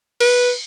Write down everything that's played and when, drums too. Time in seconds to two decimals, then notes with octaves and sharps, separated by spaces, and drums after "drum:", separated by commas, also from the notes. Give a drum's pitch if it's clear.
0.20 B4, drum: cymbal